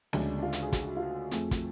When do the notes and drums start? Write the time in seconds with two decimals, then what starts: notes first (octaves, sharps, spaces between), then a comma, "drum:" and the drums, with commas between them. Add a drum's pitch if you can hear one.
0.13 D2 C#3 G#3 D4, drum: snare
0.38 D4
0.42 F4
0.53 drum: hi-hat
0.62 G#4
0.73 F#4, drum: kick, hi-hat
0.97 F4
1.02 F#4
1.31 F2 F3 A3 G#4, drum: hi-hat
1.51 drum: kick, hi-hat